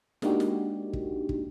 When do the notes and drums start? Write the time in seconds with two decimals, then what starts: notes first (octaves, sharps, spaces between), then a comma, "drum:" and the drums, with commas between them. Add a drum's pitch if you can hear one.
0.22 G#3 A#3 D4 D#4 F#4 G4, drum: snare
0.40 drum: snare
0.93 drum: kick
1.29 drum: kick